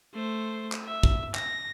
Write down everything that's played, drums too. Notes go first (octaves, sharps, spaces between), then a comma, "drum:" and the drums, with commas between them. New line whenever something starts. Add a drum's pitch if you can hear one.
A3 C5
drum: clap
E5
drum: kick
A#6, drum: clap